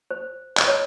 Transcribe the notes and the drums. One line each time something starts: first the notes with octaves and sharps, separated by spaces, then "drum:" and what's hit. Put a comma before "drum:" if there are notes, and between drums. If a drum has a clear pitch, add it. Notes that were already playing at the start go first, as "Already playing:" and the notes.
C5
D#5, drum: clap
C#5